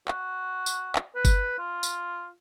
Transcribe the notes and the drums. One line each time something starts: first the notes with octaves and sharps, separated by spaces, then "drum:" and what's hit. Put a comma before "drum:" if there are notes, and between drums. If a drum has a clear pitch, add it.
F#4, drum: clap
drum: tambourine
drum: clap
B4
drum: kick G1, tambourine
F4
drum: tambourine